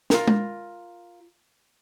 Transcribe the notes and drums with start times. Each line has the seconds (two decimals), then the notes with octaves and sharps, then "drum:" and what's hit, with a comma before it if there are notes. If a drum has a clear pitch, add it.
0.10 F4 A#4, drum: snare
0.28 drum: tom G#3